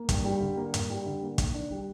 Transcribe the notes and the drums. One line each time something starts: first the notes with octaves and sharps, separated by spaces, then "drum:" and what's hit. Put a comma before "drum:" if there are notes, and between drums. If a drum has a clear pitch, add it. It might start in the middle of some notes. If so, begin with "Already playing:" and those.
Already playing: A#3
G2, drum: kick, hi-hat
G3
D3
A#3
G2, drum: hi-hat
G3
D3
A#3
D#3, drum: kick, hi-hat
D4
G3